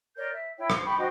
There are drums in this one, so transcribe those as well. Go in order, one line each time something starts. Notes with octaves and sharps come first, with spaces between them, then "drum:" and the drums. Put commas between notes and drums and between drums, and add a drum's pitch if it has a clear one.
A#4 C#5 D5 G6
E5
E4 C#5 G5
C5, drum: rim click
G5 B5 C#6
F#4 C5 D#5 G5